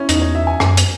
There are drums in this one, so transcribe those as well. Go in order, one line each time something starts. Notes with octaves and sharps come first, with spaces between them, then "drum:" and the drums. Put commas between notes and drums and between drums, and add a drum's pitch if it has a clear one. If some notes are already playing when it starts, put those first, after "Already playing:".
Already playing: C#4 E4
E2 D#4, drum: hi-hat
C#5
E5
G#5
F#2 G#5, drum: rim click
drum: hi-hat